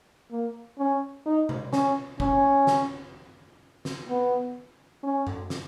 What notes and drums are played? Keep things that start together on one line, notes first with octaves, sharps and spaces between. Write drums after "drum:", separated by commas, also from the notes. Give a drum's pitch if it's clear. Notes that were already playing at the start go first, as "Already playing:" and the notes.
A#3
C#4
D#4
drum: tom B2
C#4, drum: snare
C#4, drum: kick
drum: snare
drum: snare
B3
C#4
drum: tom F#2
drum: snare